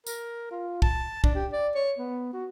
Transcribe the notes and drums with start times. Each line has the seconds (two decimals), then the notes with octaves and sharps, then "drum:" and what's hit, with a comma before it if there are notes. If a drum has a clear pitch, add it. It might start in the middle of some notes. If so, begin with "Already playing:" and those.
0.07 A#4, drum: tambourine
0.51 F4
0.82 A5, drum: kick
1.24 D4, drum: kick
1.35 G4
1.52 D5
1.75 C#5
1.98 B3
2.33 F#4